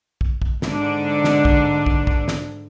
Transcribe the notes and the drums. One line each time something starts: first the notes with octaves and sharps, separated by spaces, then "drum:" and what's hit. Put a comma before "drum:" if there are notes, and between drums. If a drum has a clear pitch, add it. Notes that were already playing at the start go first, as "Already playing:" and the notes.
drum: kick
drum: kick
G#2 D3 D4, drum: snare
drum: snare
drum: kick
drum: kick
drum: kick
drum: snare